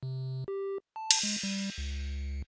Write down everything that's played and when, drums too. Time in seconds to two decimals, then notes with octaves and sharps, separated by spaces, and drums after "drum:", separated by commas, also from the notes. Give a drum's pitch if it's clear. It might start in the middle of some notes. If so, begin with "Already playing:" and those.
0.03 C3
0.48 G4
0.96 A5
1.11 drum: cymbal
1.23 G#3
1.43 G3
1.78 C#2